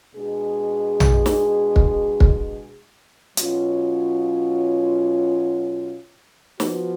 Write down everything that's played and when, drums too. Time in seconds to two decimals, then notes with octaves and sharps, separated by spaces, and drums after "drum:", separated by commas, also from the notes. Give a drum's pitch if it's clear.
0.14 B2 G#3 D4 G#4
1.00 drum: tom A#1
1.26 drum: snare
1.76 drum: kick
2.20 drum: kick
3.37 B2 F#3 C#4 F4, drum: hi-hat
6.60 F3 B3 F#4, drum: snare